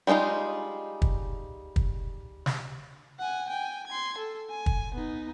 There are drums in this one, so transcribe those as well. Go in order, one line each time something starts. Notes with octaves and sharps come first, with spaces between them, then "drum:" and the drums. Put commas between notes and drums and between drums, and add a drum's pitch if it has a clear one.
G3 G#3 D4 D#4 F4
drum: kick
drum: kick
drum: snare
F#5 G#5
G5 G#5
C6 G#6
A4
G#5
drum: kick
B3 D#4